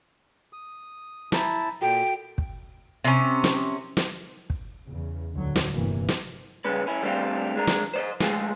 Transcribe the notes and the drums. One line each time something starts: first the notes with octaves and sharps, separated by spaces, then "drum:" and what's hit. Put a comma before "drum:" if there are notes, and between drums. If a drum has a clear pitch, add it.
D#6
E4 A5 A#5 G6 B6, drum: snare
A#2 F#4 A4 G5
drum: kick
C3 C#4
drum: snare
drum: snare
drum: kick
E2 C#3
D2 A2 D3 F#3
drum: snare
G1 E2 G2 C3 E3 A#3
drum: snare
C#2 G2 G#3 C#4 B4
C#4 E4
G3 A3 C4 D4 F4
G#3 D4 A#4
drum: snare
C5 D5 D#5
G#3 A3 F4 G#4, drum: snare